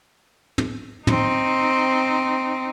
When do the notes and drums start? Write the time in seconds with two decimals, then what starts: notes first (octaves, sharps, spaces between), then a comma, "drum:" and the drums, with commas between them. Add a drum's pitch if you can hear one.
0.58 drum: tom
1.07 C4 D#4, drum: tom